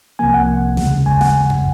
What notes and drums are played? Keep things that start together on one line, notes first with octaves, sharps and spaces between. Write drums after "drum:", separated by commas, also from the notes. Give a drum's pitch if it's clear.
C2 C3 F3 A#3 G#5
F#5
D#2 C#3 G#3, drum: snare
G#5, drum: kick G#1
F#5, drum: snare
drum: tom F2